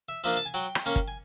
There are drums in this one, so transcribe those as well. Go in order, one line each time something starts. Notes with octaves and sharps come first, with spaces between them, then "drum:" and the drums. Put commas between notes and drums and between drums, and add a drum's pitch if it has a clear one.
E5
F3 A#3 D4 E5
A5
G#5
F#3 G5
drum: rim click
A#3 C#4
drum: kick G1
G#5